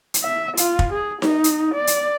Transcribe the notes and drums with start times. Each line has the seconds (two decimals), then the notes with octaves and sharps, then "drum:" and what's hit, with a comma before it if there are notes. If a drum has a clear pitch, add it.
0.14 drum: hi-hat
0.23 E5
0.57 F4, drum: hi-hat
0.79 drum: kick
0.93 G#4
1.22 D#4, drum: snare D#4
1.44 drum: hi-hat
1.75 D5
1.87 drum: hi-hat